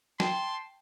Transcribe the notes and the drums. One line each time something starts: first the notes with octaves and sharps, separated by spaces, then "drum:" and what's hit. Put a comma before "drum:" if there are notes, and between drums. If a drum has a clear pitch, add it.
G5 A5 C6, drum: snare